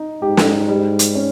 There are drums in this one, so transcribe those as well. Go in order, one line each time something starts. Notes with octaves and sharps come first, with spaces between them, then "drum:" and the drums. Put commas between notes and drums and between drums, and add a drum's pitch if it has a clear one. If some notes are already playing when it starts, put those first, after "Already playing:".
Already playing: D#4
G#2 G4
drum: snare
G3
drum: hi-hat
C#4